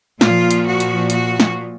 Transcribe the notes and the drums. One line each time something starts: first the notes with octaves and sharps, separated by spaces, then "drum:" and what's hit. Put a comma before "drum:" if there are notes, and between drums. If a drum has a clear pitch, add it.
A#2 F3 F4, drum: snare
drum: hi-hat
F#4
drum: hi-hat
F#4, drum: hi-hat
drum: snare